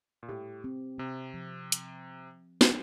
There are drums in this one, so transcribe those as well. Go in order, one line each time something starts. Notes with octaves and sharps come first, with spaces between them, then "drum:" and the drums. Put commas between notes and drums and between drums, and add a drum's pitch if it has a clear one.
A#2
A2 G4
C4
C3 C4
F3
drum: hi-hat
drum: snare